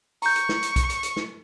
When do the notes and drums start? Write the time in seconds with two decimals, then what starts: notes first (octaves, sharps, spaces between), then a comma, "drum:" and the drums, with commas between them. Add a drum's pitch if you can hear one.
0.22 A#5 C#6 G6, drum: open hi-hat
0.36 drum: hi-hat
0.49 drum: snare
0.63 drum: hi-hat
0.76 drum: kick B1, hi-hat
0.89 drum: hi-hat
1.03 drum: hi-hat
1.16 drum: snare